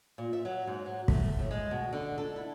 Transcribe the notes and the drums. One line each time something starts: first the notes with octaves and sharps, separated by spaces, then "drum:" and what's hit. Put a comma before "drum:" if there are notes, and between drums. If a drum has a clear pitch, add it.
A#2
E5
F#3
G#2
F#3
A3, drum: kick
A2
G#3
B2
D3
A4
E4